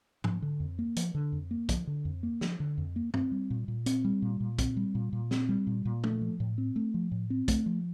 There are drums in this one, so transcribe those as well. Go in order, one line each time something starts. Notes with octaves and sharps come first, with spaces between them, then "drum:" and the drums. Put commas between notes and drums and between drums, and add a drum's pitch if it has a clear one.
F3, drum: tom G#2
D3
F2
A#3
F3, drum: hi-hat
D3
F2
A#3
F3, drum: kick, hi-hat
D3
F2
A#3
F3, drum: snare
D3
F2
A#3
C4, drum: tom G2
G3
A#2
A#2
C4, drum: hi-hat
G3
A#2
A#2
C4, drum: kick, hi-hat
G3
A#2
A#2
C4, drum: snare
G3
A#2
A#2
A3, drum: tom
F3
A2
C4
A3
F3
A2
C4
A3, drum: kick, hi-hat
F3